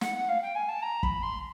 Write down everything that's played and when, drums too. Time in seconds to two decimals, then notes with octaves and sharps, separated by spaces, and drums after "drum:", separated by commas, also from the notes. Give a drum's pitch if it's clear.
0.01 F#5, drum: snare
0.15 F#5
0.29 F5
0.42 G5
0.55 G#5
0.69 A5
0.82 A#5
1.03 B5, drum: kick
1.23 C6